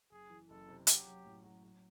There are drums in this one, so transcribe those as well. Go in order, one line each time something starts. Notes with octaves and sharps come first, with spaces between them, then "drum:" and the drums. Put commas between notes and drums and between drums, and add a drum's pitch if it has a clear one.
F#1 G#4
E3
F#1 A4
C3
F#3 G4, drum: hi-hat
F#3
A2
F#3
F#3